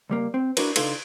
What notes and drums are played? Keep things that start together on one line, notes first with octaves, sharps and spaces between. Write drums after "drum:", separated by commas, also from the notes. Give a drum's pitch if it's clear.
C#2 G3 A#3
C4
D4 E4 F#4 A#4 B4, drum: cymbal
C#3 D4 D#4 F4 A4 B4, drum: cymbal